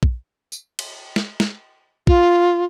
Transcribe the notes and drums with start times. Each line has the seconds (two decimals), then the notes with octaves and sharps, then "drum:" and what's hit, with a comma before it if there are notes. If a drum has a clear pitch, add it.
0.03 drum: kick
0.52 drum: tambourine
0.79 drum: cymbal
1.16 drum: snare
1.40 drum: snare
2.07 F4, drum: kick